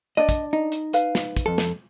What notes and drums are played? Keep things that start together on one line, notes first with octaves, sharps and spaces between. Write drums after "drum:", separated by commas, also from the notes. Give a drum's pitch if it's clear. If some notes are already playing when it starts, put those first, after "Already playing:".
D4 D5 D#5
drum: kick, hi-hat
D#4
drum: hi-hat
B4 F5, drum: hi-hat
drum: snare
drum: kick, hi-hat
F2 A4
drum: snare